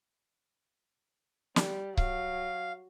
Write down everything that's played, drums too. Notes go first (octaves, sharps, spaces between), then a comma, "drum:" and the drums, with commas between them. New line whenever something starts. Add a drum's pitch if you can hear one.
G3, drum: snare
F#3 F5, drum: kick C#1